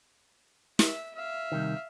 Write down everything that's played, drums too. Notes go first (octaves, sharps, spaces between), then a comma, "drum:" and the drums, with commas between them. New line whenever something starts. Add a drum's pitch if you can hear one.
E5, drum: snare
E5 F5
C2 D#3